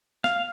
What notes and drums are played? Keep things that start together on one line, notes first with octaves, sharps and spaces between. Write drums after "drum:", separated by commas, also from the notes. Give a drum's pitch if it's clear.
F5, drum: snare